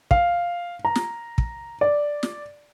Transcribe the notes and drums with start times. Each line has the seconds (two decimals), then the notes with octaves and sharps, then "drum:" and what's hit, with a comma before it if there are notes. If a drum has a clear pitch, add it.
0.11 F5, drum: kick
0.85 A#5
0.95 drum: snare
1.38 drum: kick
1.81 D5
2.23 drum: snare